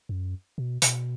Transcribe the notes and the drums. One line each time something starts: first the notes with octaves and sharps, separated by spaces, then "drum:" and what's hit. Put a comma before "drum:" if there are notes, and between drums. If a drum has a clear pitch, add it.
F#2
B2
B2, drum: hi-hat